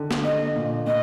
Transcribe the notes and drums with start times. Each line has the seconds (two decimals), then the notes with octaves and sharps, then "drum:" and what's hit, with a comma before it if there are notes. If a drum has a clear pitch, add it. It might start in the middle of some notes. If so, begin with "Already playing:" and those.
Already playing: D3 D#3
0.11 drum: snare
0.24 D#5
0.56 A#2
0.87 A#2 D#5